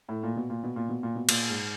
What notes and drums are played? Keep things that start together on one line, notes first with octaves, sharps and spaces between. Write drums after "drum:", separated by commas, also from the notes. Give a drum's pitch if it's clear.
A2
A#2
B2
A#2
B2
A#2
B2
A#2
B2
A#2, drum: cymbal
G#2